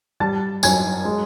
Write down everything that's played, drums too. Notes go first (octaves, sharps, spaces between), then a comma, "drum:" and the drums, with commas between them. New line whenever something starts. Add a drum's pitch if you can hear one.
G3 A5 A6
F#2 G#5 G#6, drum: tambourine
G#3